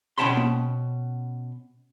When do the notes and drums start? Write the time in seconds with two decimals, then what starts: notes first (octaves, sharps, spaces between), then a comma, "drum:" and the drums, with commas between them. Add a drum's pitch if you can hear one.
0.18 B2 C#4 G5 A5 B5 C6
0.37 drum: tom A#3